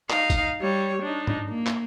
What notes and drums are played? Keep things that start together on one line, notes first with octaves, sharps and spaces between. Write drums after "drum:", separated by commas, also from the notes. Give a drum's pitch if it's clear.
D#4 F5, drum: clap
drum: kick, tambourine
G3 C#5
D4 D#4
drum: tom G#2
A#3
drum: clap